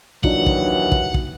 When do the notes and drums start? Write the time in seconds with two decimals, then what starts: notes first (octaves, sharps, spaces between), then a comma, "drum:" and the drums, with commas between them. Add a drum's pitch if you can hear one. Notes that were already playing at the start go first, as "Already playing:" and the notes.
0.24 D#2 E3 F#3 D4 D#4 F4 F#5, drum: kick
0.46 drum: kick
0.92 drum: kick
1.14 drum: kick